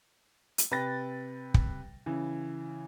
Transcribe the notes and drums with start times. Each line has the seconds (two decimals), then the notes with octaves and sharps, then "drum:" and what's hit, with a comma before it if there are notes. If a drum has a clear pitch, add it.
0.58 drum: hi-hat
0.71 C3 B4 G5 A6 A#6
1.54 drum: kick
2.06 C#3 E3